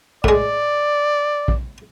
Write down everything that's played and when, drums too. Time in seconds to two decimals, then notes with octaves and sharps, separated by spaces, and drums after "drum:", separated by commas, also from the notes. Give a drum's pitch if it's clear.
0.24 A2 G#3 D5, drum: kick
1.48 drum: kick